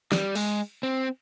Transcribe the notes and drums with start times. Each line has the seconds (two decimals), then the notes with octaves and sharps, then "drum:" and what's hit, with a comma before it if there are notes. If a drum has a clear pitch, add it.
0.12 G3, drum: snare
0.35 G#3, drum: cymbal
0.83 C4